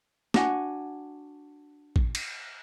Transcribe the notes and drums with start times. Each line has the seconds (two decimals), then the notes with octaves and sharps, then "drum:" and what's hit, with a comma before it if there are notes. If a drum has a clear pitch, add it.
0.34 D4 F#4 F#5 G#5, drum: snare
1.96 drum: kick
2.15 drum: cymbal